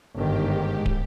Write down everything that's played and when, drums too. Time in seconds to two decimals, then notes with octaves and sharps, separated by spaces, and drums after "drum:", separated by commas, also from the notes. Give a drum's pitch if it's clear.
0.15 G1 G#2 D#3 G4
0.86 drum: kick